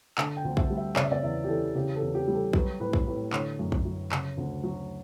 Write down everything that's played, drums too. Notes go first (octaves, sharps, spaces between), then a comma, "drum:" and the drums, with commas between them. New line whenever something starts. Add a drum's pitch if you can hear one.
D3 A5, drum: clap
G5
D2
E5, drum: kick A#1
G3
E5
C#3 D5, drum: clap
E5
D5
E2 E5
G4
E3 A4
C#3 G4
A4
E2
G4
G3
A4
F#3 B4, drum: kick A#1
A2 B4
drum: kick A#1
A2 B4
D3 C#5, drum: clap
F#2
drum: kick A#1
F#3
C#3, drum: clap
D2
F#3